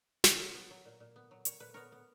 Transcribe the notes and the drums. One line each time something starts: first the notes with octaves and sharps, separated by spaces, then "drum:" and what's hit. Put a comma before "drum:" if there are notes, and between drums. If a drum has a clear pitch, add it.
F#3 A#4 C#5, drum: snare
F#3
B3
F#3
A#2
A#2
B3
F#3
A#2 C#5, drum: hi-hat
A#2 B4
B3 A#4 C#5
B3